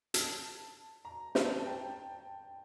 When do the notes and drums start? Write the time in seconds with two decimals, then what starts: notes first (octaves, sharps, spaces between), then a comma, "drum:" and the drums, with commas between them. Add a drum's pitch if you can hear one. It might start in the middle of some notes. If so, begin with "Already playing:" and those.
0.14 A5, drum: hi-hat
1.05 A#5
1.35 A5, drum: snare
1.59 A5
1.66 G5